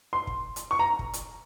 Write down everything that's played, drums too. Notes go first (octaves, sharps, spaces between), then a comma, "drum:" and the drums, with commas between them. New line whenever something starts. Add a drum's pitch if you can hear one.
C6
drum: kick
drum: hi-hat
C#6
A#5
drum: kick
drum: hi-hat